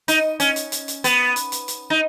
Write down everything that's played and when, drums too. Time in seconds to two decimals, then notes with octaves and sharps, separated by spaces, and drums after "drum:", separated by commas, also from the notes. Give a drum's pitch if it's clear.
0.08 D#4, drum: hi-hat
0.40 C#4, drum: hi-hat
0.56 drum: hi-hat
0.72 drum: hi-hat
0.88 drum: hi-hat
1.04 B3, drum: hi-hat
1.36 drum: hi-hat
1.52 drum: hi-hat
1.68 drum: hi-hat
1.90 D#4